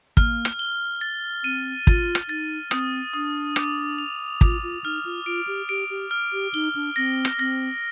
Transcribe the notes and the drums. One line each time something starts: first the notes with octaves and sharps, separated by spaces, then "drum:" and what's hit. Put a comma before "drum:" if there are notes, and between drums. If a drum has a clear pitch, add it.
A#3 F6, drum: kick
drum: rim click
G7
A6
C4 D#7
F4 A6, drum: kick
drum: rim click
D#4 A6
C4 D#6, drum: rim click
D4 D#6
D6, drum: rim click
F7
F4 D6, drum: kick
F4
D#4 F6
F4
F4 D7
G4
G4 D7
G4
F6
G4
D#4 G7
D4
C4 A#6
drum: rim click
C4 A#6